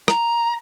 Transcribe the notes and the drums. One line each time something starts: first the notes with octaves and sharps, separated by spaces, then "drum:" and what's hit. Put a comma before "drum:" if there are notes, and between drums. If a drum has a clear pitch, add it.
A#5, drum: rim click